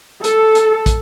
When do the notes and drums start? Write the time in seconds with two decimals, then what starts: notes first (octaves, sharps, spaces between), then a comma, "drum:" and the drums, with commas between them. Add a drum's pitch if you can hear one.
0.24 A4, drum: hi-hat
0.55 drum: hi-hat
0.86 drum: kick, hi-hat